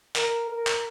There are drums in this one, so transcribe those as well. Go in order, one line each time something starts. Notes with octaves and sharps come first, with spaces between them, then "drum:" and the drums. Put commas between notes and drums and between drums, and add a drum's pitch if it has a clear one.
A#4, drum: clap
A#4
drum: clap